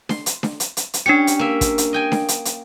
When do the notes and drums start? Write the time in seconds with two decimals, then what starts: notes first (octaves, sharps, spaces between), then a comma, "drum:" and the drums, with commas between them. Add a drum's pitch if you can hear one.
0.09 C6, drum: snare D4
0.26 drum: hi-hat
0.43 drum: snare D4
0.60 drum: hi-hat
0.77 drum: hi-hat
0.94 drum: hi-hat
1.06 C#4 D4 G4 C#7
1.27 drum: hi-hat
1.39 A#3 E5
1.61 drum: kick, hi-hat
1.78 drum: hi-hat
1.93 D#5 G5 G#5
2.12 drum: snare D4
2.28 drum: hi-hat
2.45 drum: hi-hat